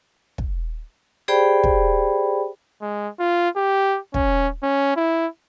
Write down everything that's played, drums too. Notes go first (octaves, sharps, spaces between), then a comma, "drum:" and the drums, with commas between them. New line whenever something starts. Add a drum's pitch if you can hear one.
drum: kick
G4 G#4 C5 D5 G5 B5
drum: kick
G#3
F4
G4
C#4, drum: kick
C#4
E4